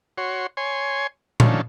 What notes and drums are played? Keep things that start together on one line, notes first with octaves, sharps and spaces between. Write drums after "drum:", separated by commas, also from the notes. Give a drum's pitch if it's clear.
F#4 C#5 C6
C#5 G#5 C6
D3 D#3 F3 A3 C#4, drum: tom A#2